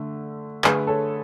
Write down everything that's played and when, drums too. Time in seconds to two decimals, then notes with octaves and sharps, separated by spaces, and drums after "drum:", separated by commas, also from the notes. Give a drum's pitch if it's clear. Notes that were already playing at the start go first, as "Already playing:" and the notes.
Already playing: D3 A3
0.64 D3 A3 G#4 B4, drum: clap
0.87 A4 C#5